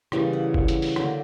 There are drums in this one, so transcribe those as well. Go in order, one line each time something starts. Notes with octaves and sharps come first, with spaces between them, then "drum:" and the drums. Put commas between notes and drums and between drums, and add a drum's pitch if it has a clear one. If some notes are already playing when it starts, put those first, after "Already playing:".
C#3 E3 G3 A#3 G5, drum: rim click
F#5
drum: kick F#1
drum: hi-hat
drum: open hi-hat
D3 F#3 A#3 G5, drum: rim click